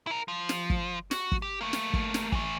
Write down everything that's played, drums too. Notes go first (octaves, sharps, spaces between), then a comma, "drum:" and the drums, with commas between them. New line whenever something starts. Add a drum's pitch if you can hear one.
E4 A#4
F3
drum: snare
drum: kick
F#4, drum: snare
drum: kick
G4
A3 A#3
drum: snare
drum: kick
drum: snare
E3 A3, drum: kick